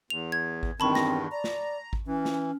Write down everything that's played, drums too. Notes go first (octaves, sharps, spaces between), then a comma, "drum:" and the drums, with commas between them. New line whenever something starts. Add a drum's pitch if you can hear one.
E2 F7
G#6
drum: kick G#1
E2 G2 D#3 C4 A5 B5 C#6
A#6, drum: snare
D5 A#5
drum: snare
drum: kick G#1
E3 C#4
drum: snare